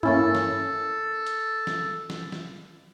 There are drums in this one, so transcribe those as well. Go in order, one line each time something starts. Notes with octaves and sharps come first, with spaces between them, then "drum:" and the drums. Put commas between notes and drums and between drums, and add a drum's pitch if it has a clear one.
A#3 C#4 E4 A4, drum: tom G2
drum: snare
drum: hi-hat
drum: snare
drum: snare
drum: snare